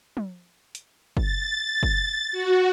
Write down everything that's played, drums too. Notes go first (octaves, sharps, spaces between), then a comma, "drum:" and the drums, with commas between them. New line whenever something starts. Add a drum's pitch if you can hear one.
drum: tom
drum: hi-hat
A6, drum: kick
drum: kick
F#4